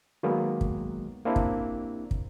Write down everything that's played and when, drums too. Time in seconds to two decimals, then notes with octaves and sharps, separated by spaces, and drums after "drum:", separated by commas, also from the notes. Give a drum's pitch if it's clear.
0.23 D#3 F#3 G#3 A#3 B3
0.61 drum: kick
1.25 A#3 C4 D4 E4 G4
1.36 drum: kick
2.11 drum: kick